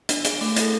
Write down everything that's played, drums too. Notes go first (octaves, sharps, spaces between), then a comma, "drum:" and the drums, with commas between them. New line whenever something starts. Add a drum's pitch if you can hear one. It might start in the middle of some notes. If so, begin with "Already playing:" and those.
D4, drum: hi-hat
G#4, drum: hi-hat
A3, drum: open hi-hat
E4 A4, drum: hi-hat